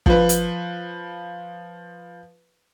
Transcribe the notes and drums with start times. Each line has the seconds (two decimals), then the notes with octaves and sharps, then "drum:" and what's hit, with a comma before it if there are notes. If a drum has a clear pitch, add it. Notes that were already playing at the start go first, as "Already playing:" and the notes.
0.06 F3 B4, drum: kick
0.29 drum: hi-hat